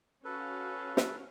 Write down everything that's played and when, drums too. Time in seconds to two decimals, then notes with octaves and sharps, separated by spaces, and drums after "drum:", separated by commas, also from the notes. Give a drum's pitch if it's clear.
0.25 C#4 F#4 A4 B4 F5
0.97 drum: snare